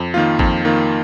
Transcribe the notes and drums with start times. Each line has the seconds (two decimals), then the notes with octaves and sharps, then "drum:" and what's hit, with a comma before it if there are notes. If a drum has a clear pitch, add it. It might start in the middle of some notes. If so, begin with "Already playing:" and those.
Already playing: F2
0.14 D#3 A#3 F4
0.39 F2, drum: kick G#1
0.65 D#3 A#3 F4